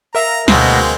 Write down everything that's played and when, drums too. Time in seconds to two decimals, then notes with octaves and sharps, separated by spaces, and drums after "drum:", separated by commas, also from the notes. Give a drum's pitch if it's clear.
0.15 A#4 E5 F5 A#5
0.48 D2 B2 G#3 A#3 C4, drum: snare